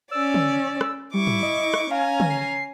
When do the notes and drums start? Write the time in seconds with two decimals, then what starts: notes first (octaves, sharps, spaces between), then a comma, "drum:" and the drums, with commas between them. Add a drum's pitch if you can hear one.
0.11 C#4 D5 E6
0.34 drum: tom
0.81 drum: rim click
1.14 G3 E4 C#6 D6
1.27 drum: tom
1.43 D#5
1.74 drum: rim click
1.91 C#4 F5 G#5 A#5
2.20 drum: tom
2.30 C7